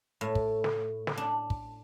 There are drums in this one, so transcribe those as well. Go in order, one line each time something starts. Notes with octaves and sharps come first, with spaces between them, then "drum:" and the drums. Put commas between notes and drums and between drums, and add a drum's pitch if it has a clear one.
A2
drum: kick
drum: snare
drum: snare
D4
drum: kick